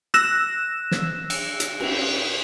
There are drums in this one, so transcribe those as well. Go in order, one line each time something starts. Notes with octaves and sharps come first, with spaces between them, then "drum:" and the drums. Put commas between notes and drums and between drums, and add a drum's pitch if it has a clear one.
E6 F#6 A#6 E7, drum: rim click
drum: snare
drum: cymbal
drum: hi-hat
drum: cymbal